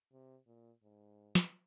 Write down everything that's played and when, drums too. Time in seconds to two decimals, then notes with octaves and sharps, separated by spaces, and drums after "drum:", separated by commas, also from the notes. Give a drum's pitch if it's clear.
0.13 C3
0.47 A#2
0.83 G#2
1.35 drum: snare